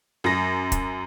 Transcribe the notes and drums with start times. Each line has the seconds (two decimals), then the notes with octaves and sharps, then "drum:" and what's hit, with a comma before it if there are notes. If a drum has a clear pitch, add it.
0.24 F#2 A#6
0.72 drum: kick, hi-hat